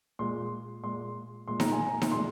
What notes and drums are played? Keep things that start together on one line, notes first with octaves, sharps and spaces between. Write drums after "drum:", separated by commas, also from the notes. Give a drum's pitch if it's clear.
A#2 G#3 C6
A#2 G#3 C6
A#2 G#3 C6
A#5, drum: snare D#4
G#5
A#5
drum: snare D#4
A#2 G#3 C6